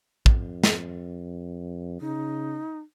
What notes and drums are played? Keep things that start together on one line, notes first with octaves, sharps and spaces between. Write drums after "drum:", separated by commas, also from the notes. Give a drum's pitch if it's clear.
F2, drum: kick
drum: snare
C#3 D#4